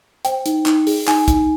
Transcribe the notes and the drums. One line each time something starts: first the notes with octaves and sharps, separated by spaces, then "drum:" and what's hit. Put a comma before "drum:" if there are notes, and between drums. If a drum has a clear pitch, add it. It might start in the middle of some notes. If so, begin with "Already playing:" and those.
C5 G5, drum: hi-hat
D#4, drum: hi-hat
D#4, drum: clap
G#4, drum: open hi-hat
D#4 G#5, drum: clap
D#4, drum: kick, hi-hat